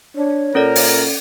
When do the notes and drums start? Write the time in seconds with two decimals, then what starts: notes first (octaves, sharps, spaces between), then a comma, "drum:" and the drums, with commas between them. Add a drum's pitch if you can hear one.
0.16 D4 C#5
0.55 A#2 C#4 A4 A#4 D5
0.75 drum: open hi-hat